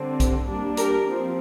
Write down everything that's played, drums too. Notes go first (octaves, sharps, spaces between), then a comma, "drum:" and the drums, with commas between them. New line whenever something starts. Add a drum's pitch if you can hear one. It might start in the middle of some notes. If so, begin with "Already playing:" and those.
Already playing: D3 G3 C4
drum: kick B1, hi-hat
G3 A#3 D4
G4 A#4, drum: hi-hat
F3 C4